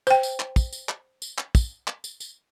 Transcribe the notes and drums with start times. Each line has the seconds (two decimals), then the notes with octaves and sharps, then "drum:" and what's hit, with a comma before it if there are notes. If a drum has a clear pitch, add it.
0.07 C5 G5, drum: tambourine
0.23 drum: tambourine
0.40 drum: clap
0.56 drum: kick, tambourine
0.73 drum: tambourine
0.89 drum: clap
1.22 drum: tambourine
1.38 drum: clap
1.55 drum: kick, tambourine
1.88 drum: clap
2.04 drum: tambourine
2.20 drum: tambourine